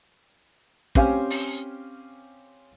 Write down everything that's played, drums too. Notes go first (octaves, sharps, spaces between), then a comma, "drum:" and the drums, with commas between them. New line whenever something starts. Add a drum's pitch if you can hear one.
C4 C#4 G4 C5 F5 G#5, drum: kick
drum: open hi-hat